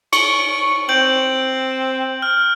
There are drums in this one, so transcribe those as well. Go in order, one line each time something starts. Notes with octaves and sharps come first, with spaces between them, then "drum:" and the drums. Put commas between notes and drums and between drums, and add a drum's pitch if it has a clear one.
C#6, drum: cymbal
C4 G6 D7 F#7
F6